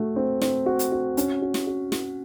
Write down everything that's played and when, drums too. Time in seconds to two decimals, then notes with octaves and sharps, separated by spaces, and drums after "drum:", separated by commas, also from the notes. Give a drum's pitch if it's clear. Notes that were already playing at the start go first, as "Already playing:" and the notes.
Already playing: A3 F#4
0.16 C4
0.41 C4, drum: snare
0.66 F#4
0.79 drum: hi-hat
0.92 F#4
1.17 C#4, drum: hi-hat
1.42 F#4
1.54 drum: snare
1.67 F#4
1.92 F#4, drum: snare